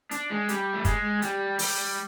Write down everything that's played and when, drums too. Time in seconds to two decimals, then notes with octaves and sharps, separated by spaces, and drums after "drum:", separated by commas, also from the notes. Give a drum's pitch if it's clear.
0.11 D4, drum: hi-hat
0.31 G#3
0.49 G3, drum: hi-hat
0.74 A3
0.84 G#3, drum: kick, hi-hat
1.22 G3, drum: hi-hat
1.59 G3, drum: open hi-hat